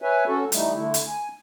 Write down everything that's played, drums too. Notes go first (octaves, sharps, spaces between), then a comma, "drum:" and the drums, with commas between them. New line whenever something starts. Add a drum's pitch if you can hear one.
B4 C#5 E5 G#5
C#4 F#4 A4
E3 G3 A3 D#4, drum: hi-hat
D3 A3 E4
drum: hi-hat
G#5